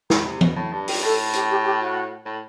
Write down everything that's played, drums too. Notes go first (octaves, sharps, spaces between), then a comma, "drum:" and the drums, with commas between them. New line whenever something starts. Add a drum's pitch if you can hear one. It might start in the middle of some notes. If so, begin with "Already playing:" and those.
D#3 B5, drum: snare
C3
B2, drum: tom E3
A2
G2 A5
G5, drum: open hi-hat
A2 A4
G4, drum: hi-hat
G4
G4
F#4
A2